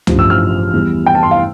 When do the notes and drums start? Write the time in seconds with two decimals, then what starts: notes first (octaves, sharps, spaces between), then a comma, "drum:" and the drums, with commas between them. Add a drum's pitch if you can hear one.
0.07 A1 G2 F3, drum: tom
0.19 E6
0.30 F6
0.73 E2 E3 G3
1.06 G5
1.15 A5
1.23 C6
1.31 F5